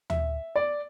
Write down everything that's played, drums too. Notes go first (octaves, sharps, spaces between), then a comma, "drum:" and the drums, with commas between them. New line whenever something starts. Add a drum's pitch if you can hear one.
E5, drum: tom D2
D5